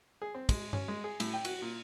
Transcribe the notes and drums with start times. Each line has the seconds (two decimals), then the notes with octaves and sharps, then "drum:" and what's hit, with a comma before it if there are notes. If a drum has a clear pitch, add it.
0.22 G#4
0.34 C4
0.49 G#3, drum: kick, cymbal
0.73 C#4, drum: tom G2
0.88 G#3
1.04 G#4
1.20 A2, drum: cymbal
1.34 G5
1.45 F#4, drum: cymbal
1.62 A#2